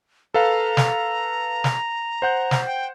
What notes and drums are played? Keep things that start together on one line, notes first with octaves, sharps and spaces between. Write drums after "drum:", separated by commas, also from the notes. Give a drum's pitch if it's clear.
A4 B4 F5 A#5
drum: snare
drum: snare
C5 F#5 G6
drum: snare
G5